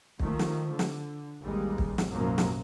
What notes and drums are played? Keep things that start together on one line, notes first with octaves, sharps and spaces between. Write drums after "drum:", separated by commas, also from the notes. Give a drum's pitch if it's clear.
D#3 F3 A3, drum: kick
drum: snare
D3
drum: snare
A1 D#2 G3 G#3
drum: kick
drum: snare
B1 F#2 A2 F3 A#3
drum: snare